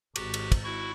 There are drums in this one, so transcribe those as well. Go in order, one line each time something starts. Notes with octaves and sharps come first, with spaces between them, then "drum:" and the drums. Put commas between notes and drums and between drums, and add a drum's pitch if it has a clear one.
G#1 F#4 G4, drum: cymbal
drum: cymbal
drum: kick, cymbal
E4 F#4 C#6